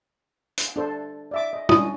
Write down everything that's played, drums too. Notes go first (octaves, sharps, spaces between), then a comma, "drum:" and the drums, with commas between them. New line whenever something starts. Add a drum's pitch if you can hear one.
drum: hi-hat
D4 A4 C5
D5 E5 D6
D#5
C#4 D4 D#6, drum: tom